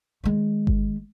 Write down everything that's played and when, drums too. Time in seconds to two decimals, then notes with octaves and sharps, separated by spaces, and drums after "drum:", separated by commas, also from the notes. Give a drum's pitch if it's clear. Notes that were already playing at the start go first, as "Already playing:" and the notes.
0.24 D#3 G#3
0.67 drum: kick G1